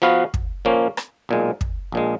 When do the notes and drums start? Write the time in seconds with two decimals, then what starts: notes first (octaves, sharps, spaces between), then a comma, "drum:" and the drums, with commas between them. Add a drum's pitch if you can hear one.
0.02 F3 B3 F#4 B4 F5
0.34 drum: kick
0.65 A#2 F3 A#3 C#4
0.97 drum: rim click
1.29 B1 A#2 G#3
1.61 drum: kick
1.92 A#1 A#2 G#3